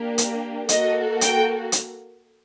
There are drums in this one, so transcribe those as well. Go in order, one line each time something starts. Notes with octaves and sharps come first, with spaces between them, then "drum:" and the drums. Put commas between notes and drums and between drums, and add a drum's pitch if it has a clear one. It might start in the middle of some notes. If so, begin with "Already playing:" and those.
Already playing: A#3 D4 G4
drum: hi-hat
A#3 F#4 A4 D#5, drum: hi-hat
G5, drum: hi-hat
drum: hi-hat